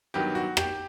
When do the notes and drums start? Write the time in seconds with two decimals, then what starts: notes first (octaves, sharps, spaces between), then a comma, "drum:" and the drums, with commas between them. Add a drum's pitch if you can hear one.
0.14 G2 D#3 F#3 B3 G4
0.35 F#4
0.57 G4, drum: rim click